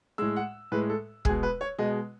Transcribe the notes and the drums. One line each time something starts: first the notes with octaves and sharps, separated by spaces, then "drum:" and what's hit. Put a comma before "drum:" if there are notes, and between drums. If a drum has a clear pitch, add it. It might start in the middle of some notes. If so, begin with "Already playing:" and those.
A2 G#3 E6
F#5
A2 G#3 B4
A4
B2 G#3 G#4, drum: kick
B4
C#5
B2 G#3 D#5